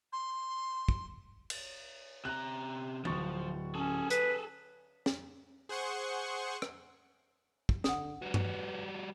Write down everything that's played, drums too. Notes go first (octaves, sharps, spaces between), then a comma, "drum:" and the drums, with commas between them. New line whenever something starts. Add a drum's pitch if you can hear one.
C6
drum: kick
drum: cymbal
C3 A#5 F#6
D1 F3 C#6 A6, drum: tom E3
C#4 G#4 A4
B4, drum: hi-hat
drum: snare
G#4 C5 F#5 C6 C#6
drum: rim click
drum: kick
D3 F#5 D#6, drum: snare
G3 F#4 B4
drum: tom G2